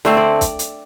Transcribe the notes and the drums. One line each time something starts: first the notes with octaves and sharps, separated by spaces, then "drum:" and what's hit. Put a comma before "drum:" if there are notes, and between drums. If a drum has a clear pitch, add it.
D3 A3 C4 C5, drum: snare
D5
drum: kick, hi-hat
drum: hi-hat